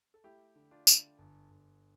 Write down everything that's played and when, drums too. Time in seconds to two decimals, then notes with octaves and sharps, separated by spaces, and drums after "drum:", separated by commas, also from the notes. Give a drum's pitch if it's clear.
0.14 A4
0.24 A3 E4 G4
0.56 D3
0.71 D4 F4
0.87 D3, drum: tambourine
1.18 G1
1.50 G1